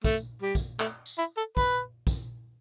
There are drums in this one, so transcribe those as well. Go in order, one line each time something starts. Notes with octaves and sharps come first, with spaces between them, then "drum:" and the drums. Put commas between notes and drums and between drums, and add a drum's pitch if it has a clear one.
A3, drum: kick, tambourine
G3
drum: kick, tambourine
A3, drum: clap
drum: tambourine
E4
A4
B4, drum: kick
drum: kick, tambourine